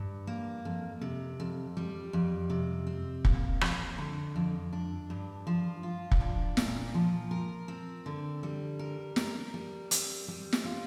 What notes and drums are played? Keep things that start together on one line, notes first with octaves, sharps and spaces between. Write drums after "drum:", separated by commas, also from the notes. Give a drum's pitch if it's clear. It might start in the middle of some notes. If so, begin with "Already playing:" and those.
Already playing: G2
A#3
F2
C3
F2
G3
F2
C3
C4
A#3, drum: kick
F2, drum: rim click
D3
F2
D4
G2
F3
F4
drum: kick
D4
A#2, drum: snare
F3
A#4
C4
D3
G3
A#4
A#4, drum: snare
G3
C4, drum: hi-hat
G3
drum: snare
F4